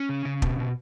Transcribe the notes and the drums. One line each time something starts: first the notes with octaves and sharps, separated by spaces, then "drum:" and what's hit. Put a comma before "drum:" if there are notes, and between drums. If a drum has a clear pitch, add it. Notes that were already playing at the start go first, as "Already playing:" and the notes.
Already playing: C#4
C#3
C#3
B2, drum: kick
B2